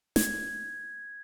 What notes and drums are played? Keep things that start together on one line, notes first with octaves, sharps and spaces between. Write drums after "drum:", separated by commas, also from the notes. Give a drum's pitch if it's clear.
G#6, drum: snare